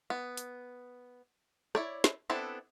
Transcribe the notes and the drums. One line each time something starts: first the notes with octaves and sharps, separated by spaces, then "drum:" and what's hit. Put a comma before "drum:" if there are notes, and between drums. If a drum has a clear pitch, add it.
B3
drum: hi-hat
E4 C#5 D5, drum: rim click
drum: snare
B3 C4 D4 E4 A4